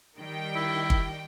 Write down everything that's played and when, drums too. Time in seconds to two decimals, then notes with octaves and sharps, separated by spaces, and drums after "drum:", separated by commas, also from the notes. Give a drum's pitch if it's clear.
0.17 D#3 G3 G5
0.56 E4
0.90 drum: kick